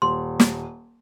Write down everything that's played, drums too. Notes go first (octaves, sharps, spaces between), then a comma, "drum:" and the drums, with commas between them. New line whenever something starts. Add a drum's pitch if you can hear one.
D#1 C6
drum: snare